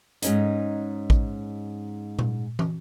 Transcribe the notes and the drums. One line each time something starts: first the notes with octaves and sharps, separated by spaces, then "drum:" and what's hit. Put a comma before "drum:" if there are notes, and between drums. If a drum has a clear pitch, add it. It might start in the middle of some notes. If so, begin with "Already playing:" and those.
G#2 C#4 D#4, drum: hi-hat
drum: kick A1
drum: tom A#2
drum: tom